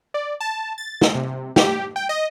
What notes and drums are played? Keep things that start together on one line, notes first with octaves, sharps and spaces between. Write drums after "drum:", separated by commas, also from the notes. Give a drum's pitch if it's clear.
D5
A5
A6
drum: snare
C3
G4, drum: snare
G5
D#5